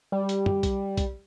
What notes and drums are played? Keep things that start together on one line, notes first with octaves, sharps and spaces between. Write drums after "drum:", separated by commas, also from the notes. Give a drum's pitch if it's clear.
G3
drum: hi-hat
drum: tom F#2
drum: kick B1, hi-hat
drum: kick B1, hi-hat